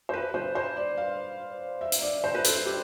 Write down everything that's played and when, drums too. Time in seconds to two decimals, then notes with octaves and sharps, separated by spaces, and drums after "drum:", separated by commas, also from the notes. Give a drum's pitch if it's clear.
0.09 C5
0.13 B4
0.34 C5
0.55 C5
0.77 D5
0.97 F5
1.81 E5
1.92 drum: hi-hat
2.02 D5
2.24 C5
2.35 B4
2.45 A4, drum: hi-hat
2.66 G4